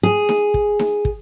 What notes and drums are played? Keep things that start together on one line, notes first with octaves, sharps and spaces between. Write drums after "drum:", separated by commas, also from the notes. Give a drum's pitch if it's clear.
G#4
drum: snare D#4
drum: kick
drum: snare D#4
drum: kick